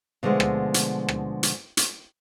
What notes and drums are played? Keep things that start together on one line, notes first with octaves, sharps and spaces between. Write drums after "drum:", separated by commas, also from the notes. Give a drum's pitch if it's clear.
B2 D3 F3 G#3 A3
drum: rim click
drum: hi-hat
drum: rim click
drum: hi-hat
drum: hi-hat